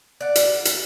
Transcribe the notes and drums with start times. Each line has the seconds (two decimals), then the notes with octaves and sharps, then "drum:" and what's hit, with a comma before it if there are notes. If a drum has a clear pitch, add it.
0.21 D5 F#5
0.35 drum: hi-hat
0.65 drum: hi-hat